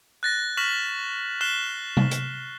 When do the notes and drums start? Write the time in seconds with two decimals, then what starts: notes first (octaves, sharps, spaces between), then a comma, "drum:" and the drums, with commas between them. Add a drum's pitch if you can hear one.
0.23 F#6 A6 A#6
0.57 C#6 F6 A#6 B6 E7 F#7
1.41 F6 F#6 B6 C7 E7 G7
1.97 drum: tom C3
2.11 drum: hi-hat